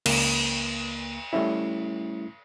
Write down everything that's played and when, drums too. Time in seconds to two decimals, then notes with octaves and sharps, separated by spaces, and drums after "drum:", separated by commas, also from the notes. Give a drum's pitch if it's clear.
0.06 C#2 A#3, drum: cymbal
1.33 G3 A3 C#4 E4